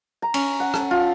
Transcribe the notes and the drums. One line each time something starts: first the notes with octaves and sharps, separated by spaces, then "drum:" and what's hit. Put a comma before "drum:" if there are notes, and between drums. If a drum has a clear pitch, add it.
A#5
C#4, drum: cymbal
F#5
A4, drum: rim click
F4